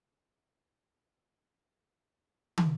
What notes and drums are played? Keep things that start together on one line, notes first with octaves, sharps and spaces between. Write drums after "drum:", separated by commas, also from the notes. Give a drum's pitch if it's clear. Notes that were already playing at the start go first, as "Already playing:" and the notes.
B5
A5 B5 D6 F6 C#7
B4 C5 E5 A5
B5 E6 A6
D#4 F5 G#5 C#6
drum: tom